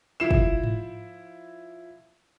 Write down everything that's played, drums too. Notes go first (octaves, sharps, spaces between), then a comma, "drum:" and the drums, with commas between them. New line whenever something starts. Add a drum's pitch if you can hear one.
F3 E4 C7 E7
drum: kick
drum: tom G#2